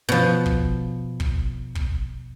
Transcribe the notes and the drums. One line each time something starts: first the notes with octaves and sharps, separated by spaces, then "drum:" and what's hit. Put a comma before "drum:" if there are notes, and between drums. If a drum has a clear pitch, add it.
B2 F3
drum: kick
drum: kick
drum: kick